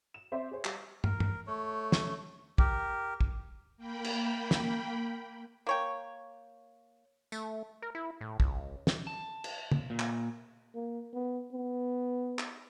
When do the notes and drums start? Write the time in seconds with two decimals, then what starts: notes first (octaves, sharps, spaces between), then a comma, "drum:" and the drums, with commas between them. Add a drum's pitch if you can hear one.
0.14 E7
0.32 C4 C5 D5 E5 C6
0.51 G#4 C5 C#5
0.65 G3, drum: clap
1.04 A#4, drum: tom
1.20 drum: tom
1.47 A3 C#5
1.92 drum: snare
2.58 G4 A#4, drum: kick
3.21 drum: kick
3.77 A#3 G5 B5
4.04 drum: cymbal
4.51 drum: snare
5.67 A#3 C#5 G5
7.32 A3, drum: tambourine
7.82 A#4
7.95 E4
8.21 A2
8.40 C#2, drum: kick
8.87 drum: snare
9.07 A5
9.44 drum: cymbal
9.72 drum: tom
9.90 A#2
9.99 drum: clap
10.75 A#3
11.14 B3
11.53 B3
12.39 drum: clap